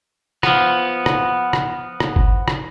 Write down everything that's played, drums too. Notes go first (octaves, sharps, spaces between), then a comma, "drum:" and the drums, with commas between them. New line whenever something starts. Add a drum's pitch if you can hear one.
F3 B3, drum: rim click
drum: rim click
drum: rim click
drum: rim click
drum: kick G1
drum: rim click